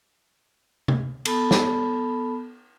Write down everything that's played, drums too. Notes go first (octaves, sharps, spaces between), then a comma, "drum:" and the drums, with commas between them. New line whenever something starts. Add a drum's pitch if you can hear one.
drum: tom C3
B3 A4 A5 B5, drum: cymbal
drum: snare